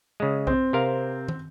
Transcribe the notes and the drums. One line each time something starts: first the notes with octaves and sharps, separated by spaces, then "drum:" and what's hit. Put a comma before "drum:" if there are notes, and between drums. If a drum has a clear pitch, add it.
C#3 G#3
C4, drum: kick B1
C3 A#4 F5
drum: tom